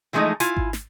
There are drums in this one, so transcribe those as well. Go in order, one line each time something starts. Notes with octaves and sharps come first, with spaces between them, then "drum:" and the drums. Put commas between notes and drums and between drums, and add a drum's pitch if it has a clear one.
E3 F3 G#3 A3 D#4 D#5
E4 F4 G#5, drum: hi-hat
drum: kick G#1
drum: snare